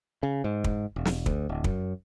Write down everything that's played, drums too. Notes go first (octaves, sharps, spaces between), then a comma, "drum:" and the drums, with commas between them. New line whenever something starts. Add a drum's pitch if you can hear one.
C#3
G#2
drum: kick
E1
drum: snare
D2, drum: kick
D1
F#2, drum: kick